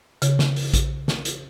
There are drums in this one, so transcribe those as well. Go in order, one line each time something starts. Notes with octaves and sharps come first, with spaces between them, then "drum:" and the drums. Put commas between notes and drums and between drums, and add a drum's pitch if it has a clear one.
C#3, drum: hi-hat
drum: snare
drum: open hi-hat
drum: kick, hi-hat
drum: snare
drum: hi-hat